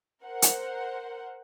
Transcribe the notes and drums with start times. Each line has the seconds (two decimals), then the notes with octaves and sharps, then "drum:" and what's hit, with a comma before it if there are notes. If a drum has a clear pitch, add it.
0.24 A#4 C5 F#5
0.42 drum: hi-hat